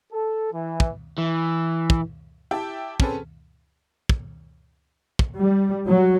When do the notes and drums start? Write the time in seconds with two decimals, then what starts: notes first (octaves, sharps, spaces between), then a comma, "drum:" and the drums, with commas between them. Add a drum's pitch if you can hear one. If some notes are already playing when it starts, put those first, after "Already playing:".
0.12 A4
0.52 E3
0.80 drum: kick
1.18 E3
1.90 drum: kick
2.51 E4 G4 E5 G5 A5
3.00 C4 C#4 G#4 A4 B4 C5, drum: kick
4.09 drum: kick
5.19 drum: kick
5.38 G3
5.87 F#3